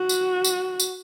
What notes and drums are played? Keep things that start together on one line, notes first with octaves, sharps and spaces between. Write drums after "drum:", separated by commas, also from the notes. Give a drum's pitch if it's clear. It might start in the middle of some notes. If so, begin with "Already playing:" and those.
Already playing: F#4
drum: tambourine
drum: tambourine
drum: tambourine